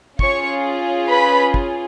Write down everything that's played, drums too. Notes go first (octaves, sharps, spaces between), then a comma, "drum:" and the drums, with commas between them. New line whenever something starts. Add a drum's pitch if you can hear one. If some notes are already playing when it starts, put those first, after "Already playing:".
C#4 F4 G#4 C#5 C#6, drum: kick
B4 B5
drum: kick